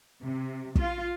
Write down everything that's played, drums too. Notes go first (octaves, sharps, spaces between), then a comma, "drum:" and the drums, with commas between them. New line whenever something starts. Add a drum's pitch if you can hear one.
C3
F4, drum: kick